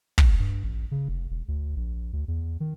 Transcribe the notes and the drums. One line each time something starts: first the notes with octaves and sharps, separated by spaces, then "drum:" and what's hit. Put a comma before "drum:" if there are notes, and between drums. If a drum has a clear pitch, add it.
C#2, drum: kick
G2
A1
C#3
F1
E1
D2
A#1
D2
E2
D#3